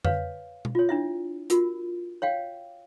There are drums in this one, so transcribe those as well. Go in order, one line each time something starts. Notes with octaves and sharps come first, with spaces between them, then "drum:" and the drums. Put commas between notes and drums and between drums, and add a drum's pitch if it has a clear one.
B4 C#5 F5, drum: tom F2
drum: tom B2
F4 C#5
D4 E4 E5
F4 F#4 A#4, drum: hi-hat
C#5 F5 G5